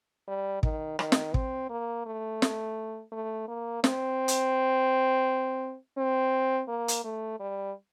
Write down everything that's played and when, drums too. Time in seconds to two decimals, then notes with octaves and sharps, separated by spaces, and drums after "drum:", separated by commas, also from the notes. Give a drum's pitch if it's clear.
0.28 G3
0.63 D#3, drum: kick
0.99 D#3, drum: rim click
1.12 drum: snare
1.34 C4, drum: kick
1.70 A#3
2.06 A3
2.42 drum: snare
3.12 A3
3.48 A#3
3.84 C4, drum: snare
4.28 drum: hi-hat
5.98 C4
6.68 A#3
6.88 drum: hi-hat
7.04 A3
7.40 G3